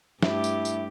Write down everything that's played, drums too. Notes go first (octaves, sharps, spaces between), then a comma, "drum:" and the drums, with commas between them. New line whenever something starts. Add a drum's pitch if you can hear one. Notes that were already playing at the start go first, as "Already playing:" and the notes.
G2 A3 E4 G4, drum: snare
drum: tambourine
drum: tambourine